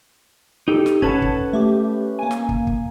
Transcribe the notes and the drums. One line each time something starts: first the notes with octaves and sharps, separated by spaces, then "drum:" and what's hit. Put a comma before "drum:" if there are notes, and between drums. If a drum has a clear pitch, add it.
D#4 G4 A4
drum: snare
C#4 A4 B4 F#5 A5 G#6, drum: kick
drum: kick
A3 G4
A#3 G#5
drum: snare
drum: kick
drum: kick